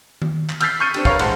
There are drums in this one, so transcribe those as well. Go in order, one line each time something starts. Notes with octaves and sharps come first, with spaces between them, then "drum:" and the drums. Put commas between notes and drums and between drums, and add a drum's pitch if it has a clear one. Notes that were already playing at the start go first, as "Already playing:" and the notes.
drum: tom D#3
drum: clap
E6 F6 G6 A6 B6 C7, drum: cymbal
C#6 F6 G6 C#7 D#7
C4 D4 G4, drum: cymbal
A#4 B4 C#5 F5, drum: kick
A1 G#3 C5 F#5 A5, drum: cymbal